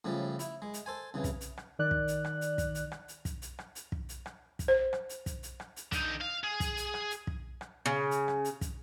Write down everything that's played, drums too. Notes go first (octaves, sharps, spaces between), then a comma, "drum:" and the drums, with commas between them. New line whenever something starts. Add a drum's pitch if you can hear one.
A2 C#3 F3 G3
E4, drum: hi-hat
G#3
drum: hi-hat
A4 C5 G#5
C2 C#3 E3
drum: kick, hi-hat
drum: hi-hat
drum: rim click
D#3 D5 F#6
drum: kick
drum: hi-hat
drum: rim click
drum: hi-hat
drum: kick, hi-hat
drum: hi-hat
drum: rim click
drum: hi-hat
drum: kick, hi-hat
drum: hi-hat
drum: rim click
drum: hi-hat
drum: kick
drum: hi-hat
drum: rim click
drum: kick, hi-hat
C5
drum: rim click
drum: hi-hat
drum: kick, hi-hat
drum: hi-hat
drum: rim click
drum: hi-hat
D3 D#4, drum: kick, hi-hat
F5
G#4
drum: kick, hi-hat
drum: hi-hat
drum: rim click
drum: hi-hat
drum: kick
drum: rim click
C#3
drum: hi-hat
drum: rim click
drum: hi-hat
drum: kick, hi-hat